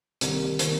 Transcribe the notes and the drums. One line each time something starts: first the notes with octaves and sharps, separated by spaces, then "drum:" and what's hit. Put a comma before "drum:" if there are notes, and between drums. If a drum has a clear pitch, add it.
C2 C3 D#3 A#3, drum: hi-hat
C3 D#3 A#3, drum: hi-hat